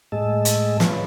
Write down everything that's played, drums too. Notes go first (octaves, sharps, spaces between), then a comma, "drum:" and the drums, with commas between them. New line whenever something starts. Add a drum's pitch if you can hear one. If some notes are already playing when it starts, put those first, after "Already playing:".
A2 G#3 G#4 D#5 A5 E6
drum: hi-hat
F4 B4 C#5, drum: snare